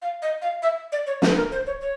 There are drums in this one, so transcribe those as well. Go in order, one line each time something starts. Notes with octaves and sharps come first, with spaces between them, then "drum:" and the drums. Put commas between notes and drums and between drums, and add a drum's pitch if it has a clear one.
F5
D#5
F5
E5
D5
C#5
B4, drum: snare
A#4
C5
C#5
C#5